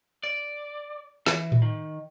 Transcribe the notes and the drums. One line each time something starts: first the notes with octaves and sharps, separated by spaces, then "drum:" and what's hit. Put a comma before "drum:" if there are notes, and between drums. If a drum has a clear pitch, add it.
D5
E3, drum: snare
drum: tom A2
D#3